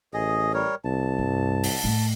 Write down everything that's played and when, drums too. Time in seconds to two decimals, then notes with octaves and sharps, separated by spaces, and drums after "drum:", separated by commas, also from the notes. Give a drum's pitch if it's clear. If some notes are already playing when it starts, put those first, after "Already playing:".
0.14 A1 G#4 D#5
0.54 G3 A#4 C#5
0.84 C2 A5
1.19 G2
1.64 drum: open hi-hat
1.84 A2 A3